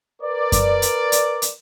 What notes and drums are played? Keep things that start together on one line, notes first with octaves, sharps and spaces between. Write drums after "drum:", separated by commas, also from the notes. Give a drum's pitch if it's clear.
A#4 B4 D5
drum: kick F#2, hi-hat
drum: hi-hat
drum: hi-hat
drum: hi-hat